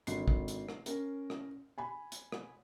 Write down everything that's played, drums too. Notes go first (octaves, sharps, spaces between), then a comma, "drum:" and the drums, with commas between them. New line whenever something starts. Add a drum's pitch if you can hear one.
G#1 D3 C7, drum: hi-hat
drum: kick
drum: hi-hat
drum: rim click
C#4 A#4, drum: hi-hat
drum: rim click
G#5 B5
drum: hi-hat
drum: rim click